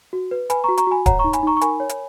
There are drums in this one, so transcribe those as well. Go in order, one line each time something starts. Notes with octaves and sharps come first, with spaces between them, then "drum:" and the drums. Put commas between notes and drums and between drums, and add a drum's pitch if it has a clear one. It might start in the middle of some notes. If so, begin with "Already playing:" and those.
F#4
B4
B4 G#5 B5, drum: hi-hat
A#5 C#6
F#4
A#5 C#6, drum: hi-hat
F#4 G#5 B5
C#5 F#5 A#5, drum: kick D1, hi-hat
A#5 C#6
D#4
G#5 B5, drum: hi-hat
D#4 A#5 C#6
C#6
A#4 G#5 B5, drum: hi-hat
C#5
drum: hi-hat